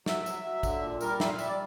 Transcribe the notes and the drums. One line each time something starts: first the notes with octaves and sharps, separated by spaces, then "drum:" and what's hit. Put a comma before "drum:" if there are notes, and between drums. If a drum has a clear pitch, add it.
F#3 E5, drum: snare
F#3, drum: tambourine
F#3
D3, drum: kick, tambourine
A#2
G3 A#4, drum: tambourine
A#2 E5, drum: snare
F5
G3 E5, drum: tambourine
D5